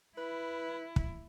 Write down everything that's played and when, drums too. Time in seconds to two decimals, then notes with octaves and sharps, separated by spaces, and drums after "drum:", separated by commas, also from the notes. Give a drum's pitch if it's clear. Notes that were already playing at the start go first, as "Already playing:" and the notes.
0.17 E4 B4
0.96 drum: kick